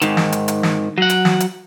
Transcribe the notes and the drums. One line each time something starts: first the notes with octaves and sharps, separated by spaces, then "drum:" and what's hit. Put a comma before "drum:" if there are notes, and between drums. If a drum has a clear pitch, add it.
G#2 D#3, drum: hi-hat
drum: snare
drum: hi-hat
drum: hi-hat
drum: snare
F#3 F#5
drum: hi-hat
drum: snare
drum: hi-hat